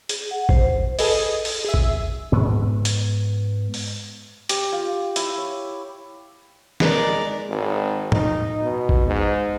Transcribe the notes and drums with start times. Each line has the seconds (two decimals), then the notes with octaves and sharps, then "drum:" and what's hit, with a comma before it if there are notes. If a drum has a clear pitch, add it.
0.09 G#4, drum: hi-hat
0.31 F#5
0.49 C5, drum: kick A1
0.99 G#4 A4 B4 D#5, drum: open hi-hat
1.45 drum: open hi-hat
1.65 G#4 E5
1.74 drum: kick A1
2.32 G#2 B3
2.85 drum: hi-hat
3.74 drum: open hi-hat
4.49 G4, drum: hi-hat
4.72 F4
5.16 E4, drum: hi-hat
5.38 C#5
6.80 G#3 D#4 A#4 B4 D5, drum: snare
7.49 G#1
8.12 D#4, drum: tom A2
8.62 B2
8.89 drum: kick A1
9.07 G#2